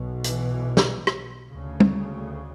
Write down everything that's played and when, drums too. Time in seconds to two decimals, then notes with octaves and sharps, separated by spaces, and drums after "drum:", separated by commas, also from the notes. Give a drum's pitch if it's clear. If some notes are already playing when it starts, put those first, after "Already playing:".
Already playing: B1 B2
0.24 E3, drum: hi-hat
0.77 drum: snare
1.07 drum: rim click
1.52 D2 C#3
1.80 drum: tom